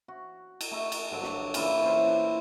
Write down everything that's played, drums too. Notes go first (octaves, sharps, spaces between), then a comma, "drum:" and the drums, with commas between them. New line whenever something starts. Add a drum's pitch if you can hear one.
F#4
drum: cymbal
A3 D#4 G#4
drum: cymbal
G2 D3 F#3
drum: snare
A#2 C#3 E3 F4, drum: cymbal
C#4 E4 C5
D4